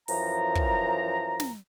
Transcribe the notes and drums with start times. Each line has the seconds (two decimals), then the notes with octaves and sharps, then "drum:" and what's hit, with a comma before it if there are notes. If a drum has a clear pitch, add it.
0.08 F#2 E3 F3 A#5, drum: open hi-hat
0.55 drum: kick
1.40 drum: snare